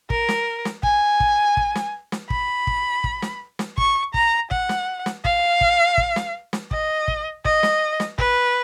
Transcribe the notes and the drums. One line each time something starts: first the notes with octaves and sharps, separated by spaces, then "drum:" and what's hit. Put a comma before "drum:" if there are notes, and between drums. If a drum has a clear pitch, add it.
A#4, drum: kick
drum: snare
drum: snare
G#5, drum: kick
drum: kick
drum: kick
drum: snare
drum: snare
B5, drum: kick
drum: kick
drum: kick
drum: snare
drum: snare
C#6, drum: kick
A#5, drum: kick
F#5, drum: kick
drum: snare
drum: snare
F5, drum: kick
drum: kick
drum: kick
drum: snare
drum: snare
D#5, drum: kick
drum: kick
D#5, drum: kick
drum: snare
drum: snare
B4, drum: kick